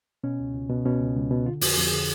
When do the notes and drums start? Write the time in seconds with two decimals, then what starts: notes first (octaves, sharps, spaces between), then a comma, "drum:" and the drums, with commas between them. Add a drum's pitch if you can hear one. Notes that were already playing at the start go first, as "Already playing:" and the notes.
0.24 B2 C#4
0.40 C#2
0.55 C#2
0.69 B2
0.85 B2 C#4
1.01 C#2
1.16 C#2
1.31 B2
1.46 D3 F4
1.61 F2, drum: open hi-hat
1.68 F#4
1.78 F2
1.87 G#4
1.93 D3